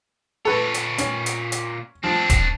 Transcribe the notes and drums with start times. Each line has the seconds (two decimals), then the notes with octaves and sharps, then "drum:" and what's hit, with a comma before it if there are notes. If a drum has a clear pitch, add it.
0.45 A#2 A4 B4 C#5
0.74 drum: hi-hat
0.98 C#4, drum: hi-hat
1.26 drum: hi-hat
1.52 drum: hi-hat
2.04 F3 C4 D4
2.30 drum: kick D1, hi-hat